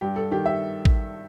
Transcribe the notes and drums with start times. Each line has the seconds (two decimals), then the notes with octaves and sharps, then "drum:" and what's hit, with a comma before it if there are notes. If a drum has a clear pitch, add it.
0.01 G2 G4
0.16 A4
0.31 D#3 G4
0.46 E5
0.85 drum: kick A1